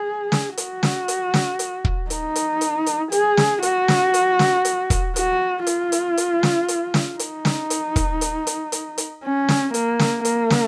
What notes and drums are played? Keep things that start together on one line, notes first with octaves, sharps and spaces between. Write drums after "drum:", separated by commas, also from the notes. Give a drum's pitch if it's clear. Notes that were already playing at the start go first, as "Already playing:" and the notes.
Already playing: G#4
drum: snare
F#4, drum: hi-hat
drum: snare
drum: hi-hat
drum: snare
drum: hi-hat
drum: kick
D#4, drum: hi-hat
drum: hi-hat
drum: hi-hat
drum: hi-hat
G#4, drum: hi-hat
drum: snare
F#4, drum: hi-hat
drum: snare
drum: hi-hat
drum: snare
drum: hi-hat
drum: kick, hi-hat
F#4, drum: hi-hat
F4, drum: hi-hat
drum: hi-hat
drum: hi-hat
drum: snare
drum: hi-hat
drum: snare
D#4, drum: hi-hat
drum: snare
drum: hi-hat
drum: kick, hi-hat
drum: hi-hat
drum: hi-hat
drum: hi-hat
drum: hi-hat
C#4
drum: snare
A#3, drum: hi-hat
drum: snare
A#3, drum: hi-hat
drum: snare